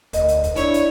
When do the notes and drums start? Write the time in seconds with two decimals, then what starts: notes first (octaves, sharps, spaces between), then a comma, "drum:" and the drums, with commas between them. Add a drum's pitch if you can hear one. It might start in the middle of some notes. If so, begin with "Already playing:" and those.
0.13 D2 A#4 D#5, drum: kick, hi-hat
0.28 drum: hi-hat
0.44 drum: kick, hi-hat
0.56 D4 E4 C#5, drum: kick, hi-hat
0.74 drum: hi-hat